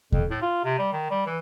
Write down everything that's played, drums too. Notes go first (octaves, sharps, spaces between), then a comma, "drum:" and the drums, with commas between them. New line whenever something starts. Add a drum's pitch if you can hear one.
F2, drum: kick D#2
A2
F4
C3
G3
D#3
G3
E3